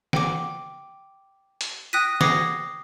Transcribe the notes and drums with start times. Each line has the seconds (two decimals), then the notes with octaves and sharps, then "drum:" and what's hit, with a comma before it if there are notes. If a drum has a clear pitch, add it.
0.13 G5 D6, drum: snare
1.61 drum: hi-hat
1.93 G5 D#6 F#6 A#6 B6 D#7
2.21 D6 D#6 G#6 A#6 C7 C#7, drum: snare